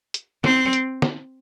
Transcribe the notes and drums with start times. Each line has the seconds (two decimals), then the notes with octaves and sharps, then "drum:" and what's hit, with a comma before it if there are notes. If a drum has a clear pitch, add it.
0.14 drum: hi-hat
0.44 C4, drum: snare
0.73 drum: hi-hat
1.02 drum: snare